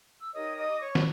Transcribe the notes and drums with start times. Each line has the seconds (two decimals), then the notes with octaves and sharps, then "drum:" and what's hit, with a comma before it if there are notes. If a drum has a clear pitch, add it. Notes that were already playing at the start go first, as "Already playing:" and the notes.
0.20 E6
0.33 D#4 G4 A#4 C#5 D#5 D#6
0.57 D#5 D#6
0.69 D6
0.80 C#5 C#6
0.95 drum: snare